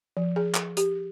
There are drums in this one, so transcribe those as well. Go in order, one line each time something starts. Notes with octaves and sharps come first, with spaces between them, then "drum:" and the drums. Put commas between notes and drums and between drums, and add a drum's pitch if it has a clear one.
F3
G#4
drum: clap
G4, drum: hi-hat